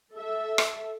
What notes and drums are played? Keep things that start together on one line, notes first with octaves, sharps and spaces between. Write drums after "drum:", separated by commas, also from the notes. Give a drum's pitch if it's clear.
A4 E5
drum: rim click